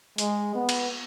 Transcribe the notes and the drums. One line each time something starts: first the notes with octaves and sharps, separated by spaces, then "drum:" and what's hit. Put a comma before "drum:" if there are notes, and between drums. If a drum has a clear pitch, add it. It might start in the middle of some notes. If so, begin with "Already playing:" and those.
G#3, drum: hi-hat
B3
drum: cymbal